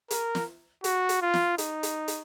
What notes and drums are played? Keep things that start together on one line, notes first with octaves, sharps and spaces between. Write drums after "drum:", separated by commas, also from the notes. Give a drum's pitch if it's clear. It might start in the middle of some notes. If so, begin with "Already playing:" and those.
A#4, drum: hi-hat
drum: snare
F#4, drum: hi-hat
drum: hi-hat
F4
drum: snare
D#4, drum: hi-hat
drum: hi-hat
drum: hi-hat